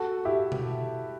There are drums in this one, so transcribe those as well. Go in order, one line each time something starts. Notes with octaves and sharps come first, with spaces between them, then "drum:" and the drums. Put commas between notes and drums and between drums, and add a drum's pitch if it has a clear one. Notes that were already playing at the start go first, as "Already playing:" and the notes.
Already playing: F#4 A4
E4 G4
drum: tom B2